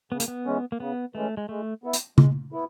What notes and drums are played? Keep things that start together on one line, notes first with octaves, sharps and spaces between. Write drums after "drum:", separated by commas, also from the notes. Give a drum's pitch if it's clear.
C#3 B3
A#3, drum: hi-hat
B3
E3 G#3 C#4
A#3
C#3 B3
E3 G#3 A3 C#4
G#3
G#3 A3
B3 E4
drum: hi-hat
G#3, drum: tom C#3
B3 E4